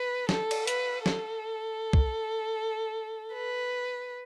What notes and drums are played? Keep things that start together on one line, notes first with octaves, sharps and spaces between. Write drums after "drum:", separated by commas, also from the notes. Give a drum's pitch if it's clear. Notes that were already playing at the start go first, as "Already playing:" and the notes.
Already playing: B4
A4, drum: snare
drum: cymbal
B4, drum: hi-hat
A4, drum: snare
drum: kick
B4